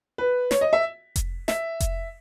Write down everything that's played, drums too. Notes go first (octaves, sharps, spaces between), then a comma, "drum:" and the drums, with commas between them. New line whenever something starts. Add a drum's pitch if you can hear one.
B4
C#5, drum: snare
D#5
E5
drum: kick F1, hi-hat
E5, drum: snare
drum: kick F1, hi-hat